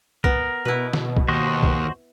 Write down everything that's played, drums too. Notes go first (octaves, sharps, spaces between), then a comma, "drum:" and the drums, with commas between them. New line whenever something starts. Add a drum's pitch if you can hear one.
B3 A#4, drum: kick
B2 E4 B4
drum: snare D#3
drum: kick
D#2 F#4 C5 D#5
drum: kick